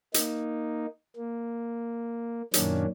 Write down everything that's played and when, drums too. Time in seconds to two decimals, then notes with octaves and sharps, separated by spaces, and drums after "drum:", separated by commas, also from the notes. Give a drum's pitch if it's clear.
0.14 A#3 D#4, drum: hi-hat
1.17 A#3
2.54 F#2 A#2 D#3 A#3 C#4 D4, drum: hi-hat